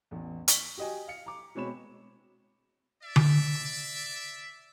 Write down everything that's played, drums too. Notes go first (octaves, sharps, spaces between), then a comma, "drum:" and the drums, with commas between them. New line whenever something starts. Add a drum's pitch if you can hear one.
A1 E2
C#6 B6, drum: hi-hat
F#4 G4 D#5 G5 G#5
F5 C#7
A#5 D6
B2 G#3 C4 C#5 B5 E7
D5 E5
drum: tom D3